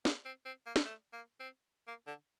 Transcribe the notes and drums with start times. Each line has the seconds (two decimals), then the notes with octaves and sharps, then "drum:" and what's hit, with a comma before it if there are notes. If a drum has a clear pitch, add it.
0.05 A#3, drum: snare
0.25 C4
0.45 C4
0.66 A#3
0.76 drum: snare
0.85 A3
1.13 A#3
1.40 C4
1.87 A#3
2.07 D3